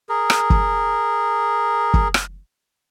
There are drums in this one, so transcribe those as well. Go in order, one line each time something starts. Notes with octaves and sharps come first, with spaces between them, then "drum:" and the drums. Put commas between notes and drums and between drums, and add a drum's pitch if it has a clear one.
G#4 A#4
drum: rim click
drum: kick
drum: kick
drum: rim click